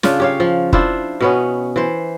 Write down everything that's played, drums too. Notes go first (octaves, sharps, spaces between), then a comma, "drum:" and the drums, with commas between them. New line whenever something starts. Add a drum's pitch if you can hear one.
C#3 D4 F4, drum: snare
G4 C#5 F5
F3
D4 E4 F4 C5, drum: kick F1
B2 B3 C#4
E3 C5